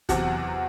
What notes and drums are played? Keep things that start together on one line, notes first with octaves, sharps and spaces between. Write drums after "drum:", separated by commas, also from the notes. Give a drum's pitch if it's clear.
E2 C3 F#3 F#5, drum: kick, hi-hat